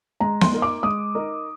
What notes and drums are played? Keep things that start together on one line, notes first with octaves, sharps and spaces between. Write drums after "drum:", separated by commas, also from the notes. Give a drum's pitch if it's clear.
G#3 A#5
C6, drum: snare
D#4 A#4 D#5
D6
G#3 D#6
D#4 A#4 D#5